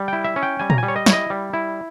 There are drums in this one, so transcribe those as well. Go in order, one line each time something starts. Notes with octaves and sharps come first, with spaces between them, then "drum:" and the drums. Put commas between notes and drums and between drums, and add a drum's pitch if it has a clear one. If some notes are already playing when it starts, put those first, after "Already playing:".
Already playing: G3
E4 G5
E5
C#4
G5
G3 G#5
A#5, drum: tom A#2
G3 G#5
C#5
D#5
E4 C#5, drum: snare
D#5
G3
E4